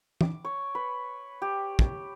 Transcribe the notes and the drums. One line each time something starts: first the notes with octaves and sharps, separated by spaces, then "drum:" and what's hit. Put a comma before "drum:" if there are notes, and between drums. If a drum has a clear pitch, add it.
D6, drum: tom
C#5
B4
G4
drum: kick